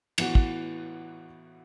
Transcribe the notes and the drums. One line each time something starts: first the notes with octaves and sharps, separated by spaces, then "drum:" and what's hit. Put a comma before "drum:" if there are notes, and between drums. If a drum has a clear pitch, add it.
A2 E3 B3 F#4, drum: cymbal
drum: kick